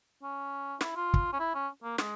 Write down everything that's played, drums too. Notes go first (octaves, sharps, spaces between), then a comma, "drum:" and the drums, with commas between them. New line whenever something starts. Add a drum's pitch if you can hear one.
C#4
E4, drum: snare
F4
drum: kick
C#4
E4
C#4
A#3
G#3, drum: snare